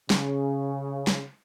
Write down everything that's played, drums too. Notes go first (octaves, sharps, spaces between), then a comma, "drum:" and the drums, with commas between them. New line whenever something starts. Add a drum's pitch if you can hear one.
C#3, drum: snare
drum: snare